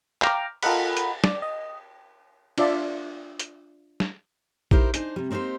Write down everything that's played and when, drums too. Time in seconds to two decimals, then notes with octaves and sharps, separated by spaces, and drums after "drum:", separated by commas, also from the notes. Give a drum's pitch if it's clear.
0.22 F5 G5 A#5 D6 F6, drum: clap
0.63 F4 A4 A#4 D#5 F#5 B5, drum: cymbal
0.97 drum: hi-hat
1.24 D5, drum: snare
1.42 D#5
2.58 D4 F4 D5 E5 A5, drum: cymbal
3.39 drum: hi-hat
4.00 drum: snare
4.71 D#4 E4 G4 A#4 C5, drum: kick A#1
4.94 D4 D#4 G#4 C5 D#5, drum: hi-hat
5.16 C3 G3
5.31 A#3 C4 D#4 G4 C5